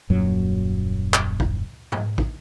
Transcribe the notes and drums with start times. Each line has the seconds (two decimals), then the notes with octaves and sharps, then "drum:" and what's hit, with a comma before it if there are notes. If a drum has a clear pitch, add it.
0.10 D#1 F#2 A#2 F#3
1.14 drum: clap
1.40 drum: kick
1.92 drum: tom G#2
2.18 drum: kick